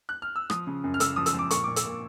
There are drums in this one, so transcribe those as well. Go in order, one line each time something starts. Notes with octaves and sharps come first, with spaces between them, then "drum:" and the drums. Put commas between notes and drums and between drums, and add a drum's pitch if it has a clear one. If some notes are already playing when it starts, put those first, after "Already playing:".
F#6
F6
E6
F3 D#6, drum: rim click
C#3
F#2
F6
C#3 E6, drum: hi-hat
F3 D#6
E6, drum: hi-hat
F3 D6
A#2 C#6, drum: hi-hat
A#2 D6
E6, drum: hi-hat
A#2